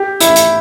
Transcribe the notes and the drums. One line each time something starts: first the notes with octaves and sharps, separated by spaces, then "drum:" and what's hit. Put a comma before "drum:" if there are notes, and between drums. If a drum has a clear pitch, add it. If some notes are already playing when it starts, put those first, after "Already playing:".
Already playing: G4
E4, drum: hi-hat
drum: hi-hat